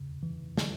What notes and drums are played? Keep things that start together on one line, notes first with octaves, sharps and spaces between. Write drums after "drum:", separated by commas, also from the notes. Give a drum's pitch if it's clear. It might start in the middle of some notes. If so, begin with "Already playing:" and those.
Already playing: C#3
E3
D3, drum: snare